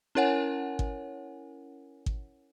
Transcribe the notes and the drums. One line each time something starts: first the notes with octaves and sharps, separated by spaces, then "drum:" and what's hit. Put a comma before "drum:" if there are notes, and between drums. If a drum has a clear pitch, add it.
C#4 E4 A#4 C#5 F#5 G#5
drum: kick G#1
drum: kick G#1